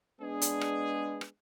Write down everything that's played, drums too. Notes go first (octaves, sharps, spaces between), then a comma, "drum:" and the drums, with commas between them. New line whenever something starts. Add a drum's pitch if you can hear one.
G#3 B3 D4 G#4
drum: hi-hat
drum: rim click
drum: rim click